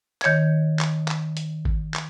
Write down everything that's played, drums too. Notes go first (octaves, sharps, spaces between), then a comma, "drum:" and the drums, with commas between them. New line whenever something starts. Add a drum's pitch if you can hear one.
D#3 C#5 G#6, drum: clap
drum: clap
drum: clap
drum: hi-hat
drum: kick G#1
drum: clap